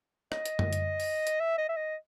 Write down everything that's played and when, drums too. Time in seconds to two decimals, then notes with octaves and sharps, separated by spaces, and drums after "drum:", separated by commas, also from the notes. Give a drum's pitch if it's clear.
0.32 D#5, drum: rim click
0.46 drum: hi-hat
0.59 drum: tom F#2
0.73 drum: hi-hat
1.00 drum: open hi-hat
1.27 drum: hi-hat
1.40 E5
1.58 D#5
1.69 E5
1.77 D#5